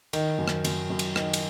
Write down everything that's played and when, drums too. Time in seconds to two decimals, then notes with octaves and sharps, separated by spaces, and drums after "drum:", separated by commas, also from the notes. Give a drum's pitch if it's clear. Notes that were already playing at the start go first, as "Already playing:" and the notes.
0.13 D#3, drum: cymbal
0.38 F#2
0.48 drum: rim click
0.64 F#2, drum: cymbal
0.90 F#2
0.99 drum: cymbal
1.16 D#3, drum: rim click
1.33 drum: cymbal